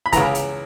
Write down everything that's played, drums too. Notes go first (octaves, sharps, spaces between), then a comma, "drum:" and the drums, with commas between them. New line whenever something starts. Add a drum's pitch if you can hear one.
B5
C#2 C#3 E3 A#5, drum: kick E1, hi-hat
drum: hi-hat